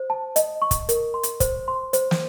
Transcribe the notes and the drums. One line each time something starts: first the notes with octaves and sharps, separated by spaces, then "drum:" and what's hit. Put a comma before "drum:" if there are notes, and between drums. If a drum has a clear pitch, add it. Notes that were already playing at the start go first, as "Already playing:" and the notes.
Already playing: C5
A5
D#5, drum: hi-hat
C#6
drum: kick, hi-hat
A#4, drum: hi-hat
C6
drum: hi-hat
C5, drum: kick, hi-hat
C6
C5, drum: hi-hat
drum: snare